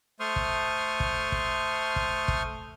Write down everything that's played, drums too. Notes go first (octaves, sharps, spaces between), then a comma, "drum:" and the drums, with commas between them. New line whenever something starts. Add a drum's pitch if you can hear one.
A3 C5 C6 C#6 D#6 F6
drum: kick
drum: kick
drum: kick
drum: kick
drum: kick